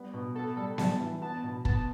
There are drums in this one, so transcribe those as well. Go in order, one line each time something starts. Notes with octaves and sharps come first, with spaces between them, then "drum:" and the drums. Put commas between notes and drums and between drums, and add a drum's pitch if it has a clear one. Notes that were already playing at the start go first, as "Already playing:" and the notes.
Already playing: G3 B3
B2
B3 A4
G3 A4
G3 A5, drum: snare B3
E3
B3 A5
B2
B3 A5, drum: kick